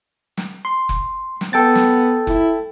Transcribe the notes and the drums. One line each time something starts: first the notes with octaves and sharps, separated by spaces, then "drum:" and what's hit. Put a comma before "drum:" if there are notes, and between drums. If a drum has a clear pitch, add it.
drum: snare
C6
drum: kick F1
drum: snare
B3 A4 G5 A6
drum: snare
E4, drum: kick F1